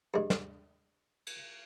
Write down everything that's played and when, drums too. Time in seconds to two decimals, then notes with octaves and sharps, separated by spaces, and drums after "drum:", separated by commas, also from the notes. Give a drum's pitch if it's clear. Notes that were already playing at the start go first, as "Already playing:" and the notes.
0.14 G2 G#3
0.30 drum: snare
1.27 drum: cymbal